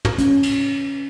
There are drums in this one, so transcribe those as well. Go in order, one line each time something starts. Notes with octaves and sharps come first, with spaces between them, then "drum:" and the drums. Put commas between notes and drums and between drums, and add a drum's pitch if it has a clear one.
drum: tom
C#4, drum: hi-hat
drum: cymbal